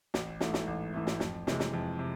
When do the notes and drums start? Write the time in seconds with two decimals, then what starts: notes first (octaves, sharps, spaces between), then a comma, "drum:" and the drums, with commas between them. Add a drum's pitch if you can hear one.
0.14 A1, drum: snare
0.41 G#2 E3 A3, drum: snare
0.54 drum: snare
0.67 A1
0.93 G#2 E3 A3
1.07 drum: snare
1.20 F2, drum: snare
1.47 C3 E3 G#3, drum: snare
1.60 drum: snare
1.74 F2
1.99 C3